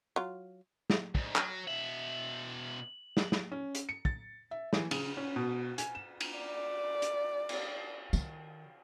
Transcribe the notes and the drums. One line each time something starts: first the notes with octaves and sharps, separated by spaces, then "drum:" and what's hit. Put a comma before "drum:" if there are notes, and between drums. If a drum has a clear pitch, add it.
F#3 F4
drum: snare
D2 G#2, drum: kick
F#3, drum: clap
B2 E5 F#7
drum: snare
drum: snare
C#4
drum: hi-hat
C#7
A6, drum: kick
E5
E3, drum: snare
C#3, drum: cymbal
C#4
B2
G#5, drum: hi-hat
E7
drum: cymbal
D5
drum: hi-hat
drum: cymbal
D#3, drum: tambourine